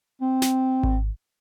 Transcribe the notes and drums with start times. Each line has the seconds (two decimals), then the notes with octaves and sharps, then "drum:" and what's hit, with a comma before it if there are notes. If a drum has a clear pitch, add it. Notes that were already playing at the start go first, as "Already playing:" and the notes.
0.22 C4
0.42 drum: snare
0.83 drum: kick G#1